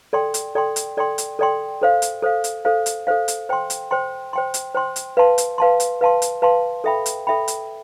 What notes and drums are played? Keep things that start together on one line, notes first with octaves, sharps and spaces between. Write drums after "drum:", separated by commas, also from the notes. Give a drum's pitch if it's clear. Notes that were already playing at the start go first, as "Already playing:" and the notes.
A4 D5 G5 C6
drum: hi-hat
A4 D5 G5 C6
drum: hi-hat
A4 D5 G5 C6
drum: hi-hat
A4 D5 G5 C6
A4 C5 F5
drum: hi-hat
A4 C5 F5
drum: hi-hat
A4 C5 F5
drum: hi-hat
A4 C5 F5
drum: hi-hat
C5 G5 C6
drum: hi-hat
C5 G5 C6
C5 G5 C6
drum: hi-hat
C5 G5 C6
drum: hi-hat
B4 F5 A5 C6
drum: hi-hat
B4 F5 A5 C6
drum: hi-hat
B4 F5 A5 C6
drum: hi-hat
B4 F5 A5 C6
A4 E5 G5 B5
drum: hi-hat
A4 E5 G5 B5
drum: hi-hat